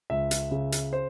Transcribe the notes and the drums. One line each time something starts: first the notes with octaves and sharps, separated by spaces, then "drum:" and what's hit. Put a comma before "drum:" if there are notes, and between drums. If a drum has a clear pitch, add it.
C#2 E5
drum: hi-hat
C#3
drum: hi-hat
C5